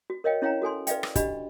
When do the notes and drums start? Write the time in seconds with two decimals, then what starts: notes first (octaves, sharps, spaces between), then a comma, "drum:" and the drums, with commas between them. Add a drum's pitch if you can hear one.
0.10 F#4
0.24 A#4 C#5 D#5 F5 G5
0.42 C#4 E4 C#5 F5 G5 A#5
0.62 F#4 A4 G#5 C6
0.87 B4 D5 E5 F5 G5, drum: hi-hat
1.03 drum: rim click
1.15 D4 F#4 G4 D#5 B5, drum: kick, hi-hat